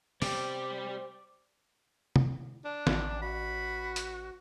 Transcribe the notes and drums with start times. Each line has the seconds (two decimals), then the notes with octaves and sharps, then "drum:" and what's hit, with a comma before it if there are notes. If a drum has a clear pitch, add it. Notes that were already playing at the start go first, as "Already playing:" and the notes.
0.22 C3 G3 B3 G4 C5 D5, drum: open hi-hat
2.16 drum: tom
2.65 D4
2.87 A1, drum: snare
3.22 F#4 B5
3.96 drum: hi-hat